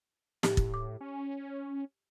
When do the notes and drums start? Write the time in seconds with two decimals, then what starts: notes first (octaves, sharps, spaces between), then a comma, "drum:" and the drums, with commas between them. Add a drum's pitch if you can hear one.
0.43 A2 G4, drum: snare
0.57 drum: kick
0.74 D6
1.01 C#4